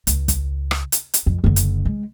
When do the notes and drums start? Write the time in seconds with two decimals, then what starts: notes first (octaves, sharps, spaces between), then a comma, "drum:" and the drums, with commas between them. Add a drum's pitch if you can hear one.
0.07 C#2, drum: hi-hat
0.28 drum: kick, hi-hat
0.71 drum: rim click
0.92 drum: hi-hat
1.14 drum: hi-hat
1.26 F2
1.44 F#1 D3
1.56 drum: hi-hat
1.85 G#3